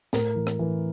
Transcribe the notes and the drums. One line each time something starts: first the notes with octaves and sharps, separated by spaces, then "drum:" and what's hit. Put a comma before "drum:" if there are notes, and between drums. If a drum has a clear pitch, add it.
A2 A#4, drum: snare
E3
drum: rim click
E3